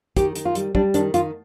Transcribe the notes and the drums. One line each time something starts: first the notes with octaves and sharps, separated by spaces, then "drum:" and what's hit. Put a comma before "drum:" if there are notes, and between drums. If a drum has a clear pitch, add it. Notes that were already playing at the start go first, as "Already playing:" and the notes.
D#3 G4, drum: kick, hi-hat
D#3, drum: hi-hat
F4
G3, drum: hi-hat
G3 D4, drum: kick
D#3 D4, drum: hi-hat
D#3 F4, drum: hi-hat